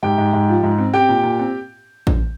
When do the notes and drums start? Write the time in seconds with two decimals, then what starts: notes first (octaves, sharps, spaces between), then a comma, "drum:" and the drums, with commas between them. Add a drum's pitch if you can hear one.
0.03 G#2 G4 G5
0.18 G#2
0.33 G#2
0.49 F3
0.63 G#2
0.78 C4
0.94 C4 G4 G5
1.09 A#2
1.23 A#2
1.40 C4
2.07 drum: kick A1